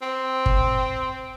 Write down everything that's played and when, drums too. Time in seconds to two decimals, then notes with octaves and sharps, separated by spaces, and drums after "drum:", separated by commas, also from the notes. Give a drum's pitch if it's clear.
0.02 C4
0.46 drum: kick G1